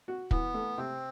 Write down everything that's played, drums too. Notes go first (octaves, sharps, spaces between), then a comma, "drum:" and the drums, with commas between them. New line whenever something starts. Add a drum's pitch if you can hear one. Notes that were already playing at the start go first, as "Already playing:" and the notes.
F#4
E3 B3, drum: kick
A3
C3 C4